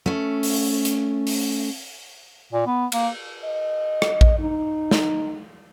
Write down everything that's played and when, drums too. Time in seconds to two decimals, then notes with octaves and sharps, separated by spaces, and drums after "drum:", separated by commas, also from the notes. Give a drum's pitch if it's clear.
0.06 A3 C#4
0.43 drum: open hi-hat
0.85 drum: hi-hat
1.27 drum: open hi-hat
2.53 A#2
2.67 B3
2.92 A#3, drum: cymbal
3.44 D#5
4.02 drum: rim click
4.21 drum: kick A#1
4.39 D#4
4.91 drum: snare